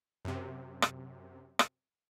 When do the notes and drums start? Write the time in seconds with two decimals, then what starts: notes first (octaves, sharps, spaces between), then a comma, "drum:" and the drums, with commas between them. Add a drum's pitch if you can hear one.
0.25 F#2 C3
0.82 drum: rim click
1.59 drum: rim click